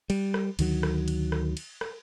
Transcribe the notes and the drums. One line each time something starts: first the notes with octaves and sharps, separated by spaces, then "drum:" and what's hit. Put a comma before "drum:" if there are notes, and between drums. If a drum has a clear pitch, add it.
G3, drum: cymbal
drum: rim click
D2 D#3 F#3, drum: cymbal
drum: rim click
drum: cymbal
drum: rim click
drum: cymbal
drum: rim click